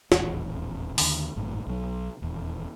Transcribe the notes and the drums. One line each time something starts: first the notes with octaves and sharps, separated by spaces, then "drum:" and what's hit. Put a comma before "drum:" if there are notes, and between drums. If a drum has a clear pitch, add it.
D#1 A1 E2, drum: snare
D#2 D3, drum: open hi-hat
G#1 F#2 A2
B1 F#3
D#1 E2